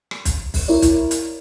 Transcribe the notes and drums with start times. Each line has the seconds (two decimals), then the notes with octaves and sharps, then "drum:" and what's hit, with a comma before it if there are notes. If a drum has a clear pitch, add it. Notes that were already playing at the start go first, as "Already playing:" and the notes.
0.11 drum: rim click
0.25 drum: kick, hi-hat
0.54 drum: kick, open hi-hat
0.68 E4 A#4 C#5 D5
0.82 drum: kick, hi-hat
1.11 drum: hi-hat